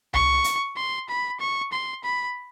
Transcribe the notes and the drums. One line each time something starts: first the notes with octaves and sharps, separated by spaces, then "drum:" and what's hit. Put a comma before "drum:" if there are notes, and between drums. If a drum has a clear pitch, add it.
C#6, drum: tom C2
drum: hi-hat
C6
B5
C#6
C6
B5